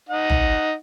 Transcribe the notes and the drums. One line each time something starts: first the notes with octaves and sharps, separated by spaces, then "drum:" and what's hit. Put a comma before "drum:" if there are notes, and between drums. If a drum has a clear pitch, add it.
D#4 F#5
drum: tom